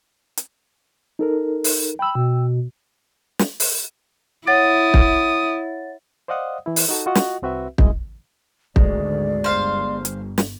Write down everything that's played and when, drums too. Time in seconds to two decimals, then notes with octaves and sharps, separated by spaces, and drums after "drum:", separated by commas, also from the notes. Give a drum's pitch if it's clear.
0.37 drum: hi-hat
1.19 D#4 A4 A#4
1.64 drum: open hi-hat
1.99 G5 B5 E6
2.15 B2
3.39 drum: snare
3.60 drum: open hi-hat
4.47 E4 C#5 F#5 D#6 A6
4.94 drum: kick
6.28 C5 D5 D#5 F5 F#5 D#6
6.66 E3 E4
6.76 drum: open hi-hat
6.89 D#4 F#4 A4
7.06 F4 F#4 D#5 F#5
7.15 drum: snare
7.42 C2 C4 F#4 B4 E5
7.78 C2 F#2 G#3 E4 D#5, drum: kick
8.76 G#1 D2 G#2 G#3 D5, drum: kick
9.44 G1 C5 F5
10.05 drum: hi-hat
10.38 drum: snare